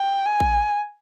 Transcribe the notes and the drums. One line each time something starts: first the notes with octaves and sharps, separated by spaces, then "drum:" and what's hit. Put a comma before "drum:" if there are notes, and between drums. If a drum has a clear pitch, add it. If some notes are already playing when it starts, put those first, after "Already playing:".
Already playing: G5
G#5
drum: kick A1